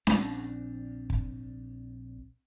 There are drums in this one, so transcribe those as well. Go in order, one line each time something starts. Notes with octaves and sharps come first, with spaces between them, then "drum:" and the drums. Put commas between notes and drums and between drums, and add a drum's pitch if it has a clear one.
A#1 C4 D4, drum: snare C#4
drum: kick